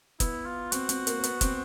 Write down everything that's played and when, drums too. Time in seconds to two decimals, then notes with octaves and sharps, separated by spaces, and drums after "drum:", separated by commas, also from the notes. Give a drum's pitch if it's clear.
0.20 B3 E4, drum: kick F#1, hi-hat
0.46 F4
0.72 C4 F#4, drum: hi-hat
0.89 C4, drum: hi-hat
1.07 A#3, drum: hi-hat
1.20 A#3
1.24 B3, drum: hi-hat
1.41 C4, drum: kick F#1, hi-hat